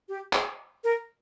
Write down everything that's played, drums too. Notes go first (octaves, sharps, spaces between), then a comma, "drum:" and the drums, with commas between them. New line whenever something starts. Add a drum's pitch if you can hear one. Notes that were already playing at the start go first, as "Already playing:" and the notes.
G4
G#4, drum: clap
A#4